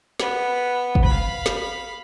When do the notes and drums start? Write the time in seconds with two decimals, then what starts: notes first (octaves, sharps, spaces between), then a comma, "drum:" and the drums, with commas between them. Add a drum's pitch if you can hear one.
0.20 B3, drum: snare
0.95 drum: kick
1.04 F5 B5
1.46 drum: snare